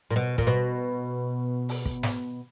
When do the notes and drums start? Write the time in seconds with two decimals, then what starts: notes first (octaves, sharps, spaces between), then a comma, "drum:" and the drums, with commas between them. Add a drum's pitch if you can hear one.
0.11 A#2
0.16 B2
0.38 A#2, drum: kick
0.47 B2
1.69 drum: open hi-hat
1.86 drum: kick
2.03 drum: snare